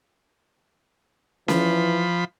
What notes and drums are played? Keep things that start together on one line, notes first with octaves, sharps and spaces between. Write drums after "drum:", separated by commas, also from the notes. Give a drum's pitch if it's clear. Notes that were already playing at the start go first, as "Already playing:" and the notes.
E3 F3 B5, drum: snare C#4